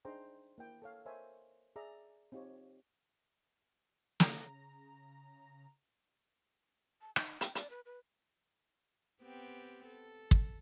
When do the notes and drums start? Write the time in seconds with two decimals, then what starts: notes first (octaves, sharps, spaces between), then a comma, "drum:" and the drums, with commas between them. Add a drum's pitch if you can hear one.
0.05 D4 D#4 G#4 C5 G5 A#5
0.58 A#3 E4 G5
0.82 A4 C#5 F5
1.06 A#4 C5 C#5 D#5 E5 G#5
1.76 G#4 D5 E5 A#5
2.32 C4 D#4 F4 G4 C#5
4.20 C#3 A#5, drum: snare
7.01 A5
7.16 D#4, drum: rim click
7.41 G5, drum: hi-hat
7.55 D5, drum: hi-hat
7.70 B4
7.86 B4
9.23 B3 C4 G4
9.87 A4
10.31 drum: kick